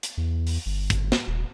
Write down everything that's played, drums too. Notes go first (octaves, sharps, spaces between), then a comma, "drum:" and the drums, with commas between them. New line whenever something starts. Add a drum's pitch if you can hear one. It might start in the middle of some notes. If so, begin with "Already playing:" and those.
drum: hi-hat
E2
drum: open hi-hat
G1
G1, drum: kick, hi-hat
drum: snare
D#1